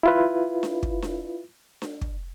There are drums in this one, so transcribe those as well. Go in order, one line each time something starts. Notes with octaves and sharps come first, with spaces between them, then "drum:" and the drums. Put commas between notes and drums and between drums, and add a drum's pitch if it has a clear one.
E4 F4 B4
drum: snare D4
drum: kick
drum: snare D4
drum: snare D4
drum: kick